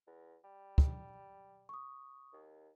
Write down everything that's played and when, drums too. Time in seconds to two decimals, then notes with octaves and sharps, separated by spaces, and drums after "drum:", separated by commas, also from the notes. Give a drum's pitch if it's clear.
0.07 E2
0.44 G3
0.78 drum: kick
1.69 C#6 D#6
2.33 D#2